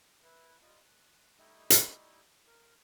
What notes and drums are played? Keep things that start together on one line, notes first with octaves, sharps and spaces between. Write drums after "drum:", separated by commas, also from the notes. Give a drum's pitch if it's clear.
E4 B4
G3 F4 D#5
F#6
G3 A3 D#4 E4 G4 D#5
drum: hi-hat
A#4